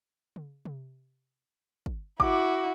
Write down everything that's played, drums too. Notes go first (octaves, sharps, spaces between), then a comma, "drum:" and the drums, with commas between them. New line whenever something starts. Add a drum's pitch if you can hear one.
drum: tom C#3
drum: tom C3
drum: kick
E4 F#4 D6, drum: kick